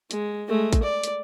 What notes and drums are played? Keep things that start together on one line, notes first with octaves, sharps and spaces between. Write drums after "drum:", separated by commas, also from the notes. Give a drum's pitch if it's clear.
G#3, drum: hi-hat
G#3 A3
drum: kick A1, hi-hat
D5
drum: hi-hat